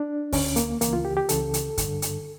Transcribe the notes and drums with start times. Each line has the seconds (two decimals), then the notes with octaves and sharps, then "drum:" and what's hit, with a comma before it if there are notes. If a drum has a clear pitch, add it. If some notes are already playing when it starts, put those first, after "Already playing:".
Already playing: D4
0.33 D2 D3 C#4, drum: kick, open hi-hat
0.56 A#3, drum: hi-hat
0.81 C#2 C#3 E3 A#3, drum: hi-hat
0.93 F4
1.05 G4
1.17 G4
1.29 C#2 C#3 E3 A4, drum: hi-hat
1.54 drum: hi-hat
1.78 G2 D3, drum: kick, hi-hat
2.02 drum: hi-hat